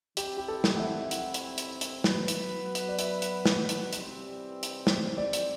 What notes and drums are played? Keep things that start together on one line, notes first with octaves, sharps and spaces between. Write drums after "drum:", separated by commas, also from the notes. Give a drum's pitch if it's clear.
E3 G3 C4 E4 G4, drum: hi-hat
G4
A4
drum: snare
F#5
E5
E5
F#5, drum: hi-hat
drum: hi-hat
drum: hi-hat
drum: hi-hat
F#3 B3 F#4 B4, drum: snare
drum: hi-hat
drum: hi-hat
D5
E5, drum: hi-hat
drum: hi-hat
drum: snare
drum: hi-hat
C3 E3 G3 C4, drum: hi-hat
drum: hi-hat
C5, drum: snare
D5
drum: hi-hat